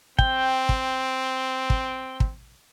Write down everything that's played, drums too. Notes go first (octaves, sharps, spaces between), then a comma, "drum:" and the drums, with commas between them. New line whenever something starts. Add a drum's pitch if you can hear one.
C4 G5, drum: kick
drum: kick
drum: kick
drum: kick